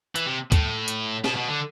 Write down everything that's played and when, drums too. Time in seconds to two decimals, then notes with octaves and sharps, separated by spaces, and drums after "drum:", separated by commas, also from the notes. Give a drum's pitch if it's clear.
0.16 E3, drum: hi-hat
0.27 C3
0.52 A2, drum: kick D2, hi-hat
0.88 drum: hi-hat
1.24 B2, drum: snare
1.36 B2
1.48 D3